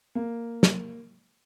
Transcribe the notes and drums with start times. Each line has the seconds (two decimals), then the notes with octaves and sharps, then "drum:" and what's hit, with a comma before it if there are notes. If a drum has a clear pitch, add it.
0.15 A#3
0.63 drum: snare